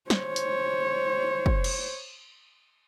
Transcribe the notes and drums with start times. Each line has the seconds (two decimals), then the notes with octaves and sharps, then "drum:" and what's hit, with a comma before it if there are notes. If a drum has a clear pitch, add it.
0.10 C5 C#5, drum: snare
0.36 drum: hi-hat
1.46 drum: kick
1.64 drum: cymbal